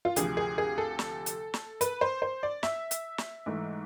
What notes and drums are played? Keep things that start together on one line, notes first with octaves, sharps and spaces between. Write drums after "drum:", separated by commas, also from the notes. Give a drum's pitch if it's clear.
F4
D2 C3 F3 G#4, drum: hi-hat
G#4
G#4
A4
drum: snare
drum: hi-hat
drum: snare
B4, drum: hi-hat
C5
C5
D5
E5, drum: snare
drum: hi-hat
drum: snare
G#2 E3 A3